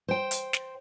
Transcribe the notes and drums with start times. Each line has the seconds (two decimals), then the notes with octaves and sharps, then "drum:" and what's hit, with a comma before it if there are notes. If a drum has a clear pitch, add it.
0.08 C5 G5
0.31 drum: hi-hat
0.53 drum: snare